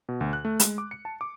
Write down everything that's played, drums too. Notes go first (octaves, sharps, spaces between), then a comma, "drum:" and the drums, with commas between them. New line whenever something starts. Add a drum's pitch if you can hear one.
B2
D2
F#6
A3
G#3, drum: hi-hat
D6
C#7
A5
D6